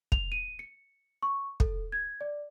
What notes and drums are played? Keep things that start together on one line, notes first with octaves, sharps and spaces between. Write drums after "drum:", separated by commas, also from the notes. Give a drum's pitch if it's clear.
F7, drum: kick
D#7
C#7
C#6
A4, drum: kick
G#6
D5